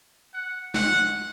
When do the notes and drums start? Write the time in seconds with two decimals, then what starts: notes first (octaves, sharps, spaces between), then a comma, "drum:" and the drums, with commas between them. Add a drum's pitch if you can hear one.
0.33 F#5
0.74 F#5, drum: snare